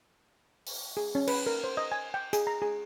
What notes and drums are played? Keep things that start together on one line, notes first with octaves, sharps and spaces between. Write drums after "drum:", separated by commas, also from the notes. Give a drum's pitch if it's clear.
drum: open hi-hat
G#4
C#4
B4, drum: cymbal
A#4
C5
D#5
G#5
G5
G#4, drum: hi-hat
A#5
G#4